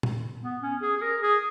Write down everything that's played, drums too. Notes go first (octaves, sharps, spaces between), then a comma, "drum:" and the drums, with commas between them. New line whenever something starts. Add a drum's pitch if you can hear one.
drum: tom
B3
C#4
G#4
G#4
A#4
G#4